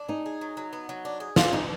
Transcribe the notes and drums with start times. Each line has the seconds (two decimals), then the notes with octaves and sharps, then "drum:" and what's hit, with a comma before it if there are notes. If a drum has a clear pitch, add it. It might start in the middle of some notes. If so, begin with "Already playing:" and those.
Already playing: D4
0.08 D#4 G#4
0.26 G#4
0.41 F#3
0.57 F#3
0.73 B3
0.89 F#3
1.05 D4
1.20 G#4
1.36 D4 F4, drum: snare
1.53 G#3 D#4